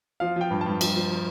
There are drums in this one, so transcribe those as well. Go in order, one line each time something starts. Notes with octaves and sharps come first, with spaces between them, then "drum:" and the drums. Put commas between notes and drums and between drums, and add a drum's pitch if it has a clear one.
F3 F5
F3 G5
G2
G2 A5
F3, drum: cymbal
F3
F3